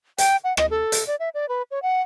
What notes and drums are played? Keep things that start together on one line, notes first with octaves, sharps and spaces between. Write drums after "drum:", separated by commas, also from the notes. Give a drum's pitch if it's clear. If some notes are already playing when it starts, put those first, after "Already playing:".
G5, drum: hi-hat
F#5
D#5, drum: rim click
A4
drum: hi-hat
D5
E5
D5
B4
C#5
F#5